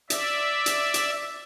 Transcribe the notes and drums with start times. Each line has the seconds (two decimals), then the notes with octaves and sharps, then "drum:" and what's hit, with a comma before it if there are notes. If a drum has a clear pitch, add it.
0.10 D5 E5, drum: hi-hat
0.66 drum: hi-hat
0.94 drum: hi-hat